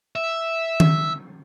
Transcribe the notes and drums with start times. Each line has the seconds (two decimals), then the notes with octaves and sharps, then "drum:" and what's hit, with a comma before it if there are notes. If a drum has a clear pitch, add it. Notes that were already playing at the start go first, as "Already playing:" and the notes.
0.16 E5
0.80 drum: tom D#3